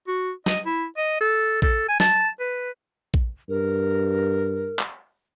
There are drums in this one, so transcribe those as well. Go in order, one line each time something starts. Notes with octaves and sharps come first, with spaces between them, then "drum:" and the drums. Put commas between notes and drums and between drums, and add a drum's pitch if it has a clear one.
F#4
D#5, drum: snare
E4
D#5
A4
A4, drum: kick A#1
G#5
A5, drum: snare
B4
drum: kick A#1
G2 A#4
drum: clap